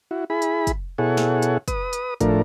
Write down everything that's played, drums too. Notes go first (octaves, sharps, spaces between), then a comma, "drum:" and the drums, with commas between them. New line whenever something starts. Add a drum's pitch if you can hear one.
E4 F#4
E4 G#4 B5
drum: hi-hat
drum: kick, hi-hat
B2 E4 G#4 A4 C#5 F#5
drum: snare
drum: hi-hat
B4 D#6, drum: kick, hi-hat
drum: hi-hat
A2 F3 A3 D4 A#4, drum: kick, hi-hat